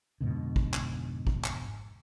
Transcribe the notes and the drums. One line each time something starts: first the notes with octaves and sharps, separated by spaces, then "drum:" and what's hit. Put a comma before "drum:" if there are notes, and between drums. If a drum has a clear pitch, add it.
F2 G#2 B2 D3
drum: kick
drum: clap
drum: kick
drum: clap